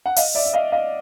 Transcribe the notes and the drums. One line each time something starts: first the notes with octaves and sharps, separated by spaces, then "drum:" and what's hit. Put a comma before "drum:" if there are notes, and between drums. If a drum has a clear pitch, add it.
F#5
D#5 F5, drum: open hi-hat
D5 E5
E5
D#5 F5
D#5 F5